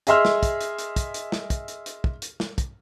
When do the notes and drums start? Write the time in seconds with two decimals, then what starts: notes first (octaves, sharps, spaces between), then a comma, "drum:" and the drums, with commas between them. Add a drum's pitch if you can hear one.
0.07 G#4 D#5 E5 C6 E6 F6, drum: hi-hat
0.25 drum: snare
0.43 drum: kick, hi-hat
0.61 drum: hi-hat
0.79 drum: hi-hat
0.96 drum: kick, hi-hat
1.14 drum: hi-hat
1.32 drum: snare
1.50 drum: kick, hi-hat
1.68 drum: hi-hat
1.86 drum: hi-hat
2.04 drum: kick
2.22 drum: hi-hat
2.40 drum: snare
2.58 drum: kick, hi-hat